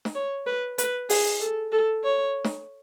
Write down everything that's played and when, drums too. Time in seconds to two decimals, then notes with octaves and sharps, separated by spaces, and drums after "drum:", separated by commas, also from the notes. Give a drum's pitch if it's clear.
0.05 drum: snare
0.15 C#5
0.47 B4
0.78 B4, drum: hi-hat
1.09 G#4, drum: open hi-hat
1.41 A4
1.72 A4
2.04 C#5
2.44 drum: snare